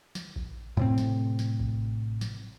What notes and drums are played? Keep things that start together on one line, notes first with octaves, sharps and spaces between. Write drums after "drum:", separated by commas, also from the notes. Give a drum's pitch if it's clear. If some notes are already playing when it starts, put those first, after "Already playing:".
drum: snare
drum: kick A1
A2 C3 C4
drum: snare
drum: snare
drum: kick A1
drum: snare